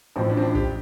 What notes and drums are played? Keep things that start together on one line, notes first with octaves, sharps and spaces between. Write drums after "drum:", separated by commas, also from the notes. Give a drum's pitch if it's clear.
A1 A2 F3 C4
D4
C4
D4
G4, drum: kick